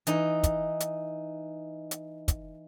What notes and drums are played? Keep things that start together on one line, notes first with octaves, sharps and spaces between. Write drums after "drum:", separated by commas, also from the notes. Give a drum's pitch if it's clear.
E3 D#4, drum: hi-hat
drum: kick, hi-hat
drum: hi-hat
drum: hi-hat
drum: kick, hi-hat